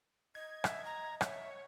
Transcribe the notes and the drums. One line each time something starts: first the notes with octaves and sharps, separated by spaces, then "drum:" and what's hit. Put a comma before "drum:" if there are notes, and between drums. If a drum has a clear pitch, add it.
D#5 G#6
E5, drum: rim click
A#5
C#5 E5, drum: rim click